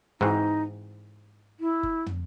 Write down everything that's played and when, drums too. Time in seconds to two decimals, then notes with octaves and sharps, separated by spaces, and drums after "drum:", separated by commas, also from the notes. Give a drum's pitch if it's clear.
0.21 G#2 E3 C4 D#4 F#4
1.60 E4
1.83 drum: kick F#1
2.06 drum: tom